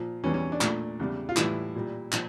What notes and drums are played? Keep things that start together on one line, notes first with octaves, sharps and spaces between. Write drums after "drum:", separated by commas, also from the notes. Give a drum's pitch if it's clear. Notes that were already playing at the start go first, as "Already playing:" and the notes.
Already playing: A#2 F3
E2 E3 G3 C#4
C#4
D4
A#2 A3, drum: clap
E2 C#3 G3
F4
A2 E3 G3 E4, drum: clap
A#2 G3
A#2 F3, drum: clap